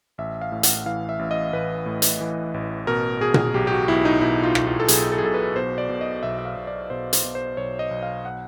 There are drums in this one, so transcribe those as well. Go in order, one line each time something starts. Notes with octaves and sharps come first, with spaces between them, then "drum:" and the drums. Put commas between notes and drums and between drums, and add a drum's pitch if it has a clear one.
A1 E5
F5
A2
F#5, drum: hi-hat
E3 F5
E5
A1
D#5
A1 B4
A2
drum: hi-hat
E3
A1
B2 A#4
B2 G#4
drum: tom A#2
B1 G4
G4
F#4
B1 E4
D#4
B2 E4
F4
B2, drum: rim click
F4
A4
B1 G#4, drum: hi-hat
A4
G#4
B1 A4
B4
B2 C5
D5
B2
D#5
B1 E5
E5
F5
B1
D5
B2 C5
C5, drum: hi-hat
B2
C5
B1 C#5
D#5
B1
F5
F#5